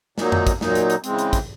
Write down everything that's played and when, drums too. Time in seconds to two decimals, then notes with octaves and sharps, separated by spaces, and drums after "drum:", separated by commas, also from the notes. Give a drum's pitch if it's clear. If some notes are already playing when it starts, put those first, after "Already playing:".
0.18 A#2 F#3 A#3 D#4, drum: snare
0.32 drum: tom F2
0.47 drum: kick, hi-hat
0.61 A#2 F#3 A#3 D#4, drum: snare
0.75 drum: hi-hat
0.90 drum: hi-hat
1.04 C#3 E3 G#3 C4, drum: hi-hat
1.19 drum: hi-hat
1.33 drum: kick, hi-hat